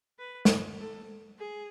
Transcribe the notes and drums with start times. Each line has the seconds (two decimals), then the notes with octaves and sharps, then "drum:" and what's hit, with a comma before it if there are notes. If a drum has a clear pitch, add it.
0.19 B4
0.45 drum: snare
0.79 A4
1.39 G#4